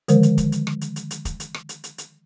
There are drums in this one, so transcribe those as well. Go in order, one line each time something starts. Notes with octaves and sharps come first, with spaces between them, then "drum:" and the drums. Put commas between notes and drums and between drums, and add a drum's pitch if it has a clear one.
D3 D#3 F3 G#3 A#4 C5, drum: hi-hat
drum: hi-hat
drum: kick, hi-hat
drum: hi-hat
drum: rim click
drum: hi-hat
drum: hi-hat
drum: hi-hat
drum: kick, hi-hat
drum: hi-hat
drum: rim click
drum: hi-hat
drum: hi-hat
drum: hi-hat